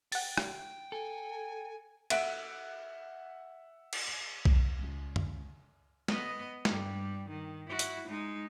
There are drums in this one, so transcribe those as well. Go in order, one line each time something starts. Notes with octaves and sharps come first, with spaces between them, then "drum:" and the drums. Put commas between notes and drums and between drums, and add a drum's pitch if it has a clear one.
F#5 G5 A6, drum: open hi-hat
drum: rim click
A4 G#5
E5 F#5 F#6 B6 D7, drum: cymbal
drum: cymbal
drum: kick B1
C#2 G#3
drum: tom
B3 D#5, drum: snare
G2 G3, drum: snare
D#3
E4 F#4
drum: hi-hat
G#3 D#4